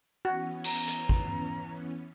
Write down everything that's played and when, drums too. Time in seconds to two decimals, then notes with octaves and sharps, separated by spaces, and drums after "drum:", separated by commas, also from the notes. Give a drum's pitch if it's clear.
0.25 E3 B3 C#4 F#4
0.64 A#5, drum: cymbal
0.88 drum: hi-hat
1.09 drum: kick